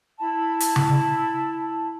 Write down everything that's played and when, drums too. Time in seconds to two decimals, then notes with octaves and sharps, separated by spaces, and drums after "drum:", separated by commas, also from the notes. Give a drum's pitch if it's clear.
0.19 E4 A5 B5
0.60 drum: hi-hat
0.76 drum: tom C#3